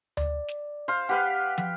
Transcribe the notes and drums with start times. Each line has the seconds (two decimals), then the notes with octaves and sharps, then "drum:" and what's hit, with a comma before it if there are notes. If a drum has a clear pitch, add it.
0.17 D5, drum: tom D2
0.48 drum: snare
0.88 C5 F5
1.09 G4 B4 F5 F#5
1.58 drum: tom